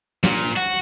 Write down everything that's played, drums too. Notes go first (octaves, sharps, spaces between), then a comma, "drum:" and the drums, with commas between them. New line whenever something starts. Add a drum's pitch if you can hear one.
A#2, drum: snare
F#4